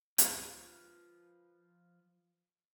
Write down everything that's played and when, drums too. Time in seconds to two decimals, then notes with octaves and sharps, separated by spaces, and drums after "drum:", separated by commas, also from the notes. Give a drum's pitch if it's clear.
0.18 F3 B4, drum: hi-hat